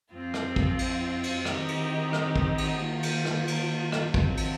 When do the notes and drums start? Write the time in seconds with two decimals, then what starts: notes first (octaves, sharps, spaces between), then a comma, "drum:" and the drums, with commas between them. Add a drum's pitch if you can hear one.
0.11 F2 F3 C4 F4
0.34 drum: rim click
0.56 drum: kick
0.79 drum: cymbal
1.24 drum: cymbal
1.45 D#3 C4 D#4 G4, drum: rim click
1.68 drum: cymbal
2.13 drum: rim click
2.36 drum: kick
2.58 drum: cymbal
2.80 D#3 A#3 F4
3.03 drum: cymbal
3.25 drum: rim click
3.48 drum: cymbal
3.92 drum: rim click
4.14 D#3 C4 F4, drum: kick
4.37 drum: cymbal